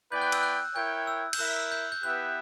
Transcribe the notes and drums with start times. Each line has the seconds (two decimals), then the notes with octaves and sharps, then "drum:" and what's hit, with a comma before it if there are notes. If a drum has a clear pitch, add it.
0.12 B3 E4 B4 D5 G5 G6
0.21 F#6
0.32 E6, drum: cymbal
0.43 F#6
0.75 E4 A#4 C#5 G5 G6
1.07 E6
1.33 G6, drum: cymbal
1.39 E4 A#4 E5 F#6
1.71 G6
1.92 G6
2.03 B3 E4 G4 B4 E5 F#6